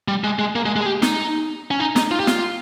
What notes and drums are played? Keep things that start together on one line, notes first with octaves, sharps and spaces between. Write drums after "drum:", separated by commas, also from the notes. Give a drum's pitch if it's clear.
G3
G#3
G#3
A#3
G#3
G#3
G#4
G4
D#4, drum: snare
C#4
D#4
D#4, drum: snare
F4
G4
F4, drum: snare